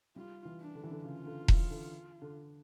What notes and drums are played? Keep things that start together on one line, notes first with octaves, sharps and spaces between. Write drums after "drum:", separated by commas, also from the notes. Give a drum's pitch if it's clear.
G3 F4
E3
D4
D3
E3
D3
C#3 F4
D3
E3, drum: kick E1
D3
D3